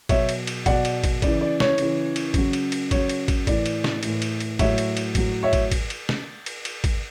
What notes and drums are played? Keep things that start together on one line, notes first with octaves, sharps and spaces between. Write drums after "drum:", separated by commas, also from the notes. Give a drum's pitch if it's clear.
B2 F#3 C#5 E5, drum: kick, cymbal
drum: cymbal
drum: cymbal
B2 F#3 D5 F#5, drum: kick, cymbal
drum: cymbal
drum: kick, cymbal
C#3 E3 D5, drum: kick, cymbal
D5
C#5, drum: snare
C#3 E3, drum: cymbal
drum: cymbal
C#3 F#3, drum: kick, cymbal
drum: cymbal
drum: cymbal
C#3 F#3 C#5, drum: kick, cymbal
drum: cymbal
drum: kick, cymbal
A2 E3 D5, drum: kick, cymbal
drum: cymbal
drum: snare
A2 E3, drum: cymbal
drum: cymbal
drum: cymbal
A2 F#3 C#5 E5, drum: kick, cymbal
drum: cymbal
drum: cymbal
A2 F#3, drum: kick, cymbal
C#5 E5
drum: kick, cymbal
drum: kick, cymbal
drum: cymbal
drum: snare
drum: cymbal
drum: cymbal
drum: kick, cymbal